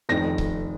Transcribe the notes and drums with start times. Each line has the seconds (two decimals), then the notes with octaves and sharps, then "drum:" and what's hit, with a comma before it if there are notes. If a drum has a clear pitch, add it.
0.09 F1 F2 D#3 A#6
0.38 drum: kick C#1